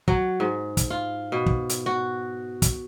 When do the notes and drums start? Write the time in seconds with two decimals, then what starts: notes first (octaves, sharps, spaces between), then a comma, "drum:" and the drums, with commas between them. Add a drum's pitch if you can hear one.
0.08 F#3, drum: kick
0.40 G#2
0.77 drum: kick, hi-hat
0.90 F4
1.32 B2
1.46 drum: kick
1.69 drum: hi-hat
1.86 F#4
2.62 drum: kick, hi-hat